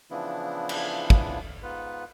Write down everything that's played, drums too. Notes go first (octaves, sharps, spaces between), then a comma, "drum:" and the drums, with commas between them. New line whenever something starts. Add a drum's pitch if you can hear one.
C#3 E3 F3 B3 D4 E4
drum: cymbal
drum: kick
G#2 B3 F4 B4